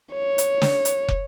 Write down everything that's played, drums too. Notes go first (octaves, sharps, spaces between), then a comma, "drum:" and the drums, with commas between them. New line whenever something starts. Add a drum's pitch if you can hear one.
C#5
drum: hi-hat
drum: snare
drum: hi-hat
drum: kick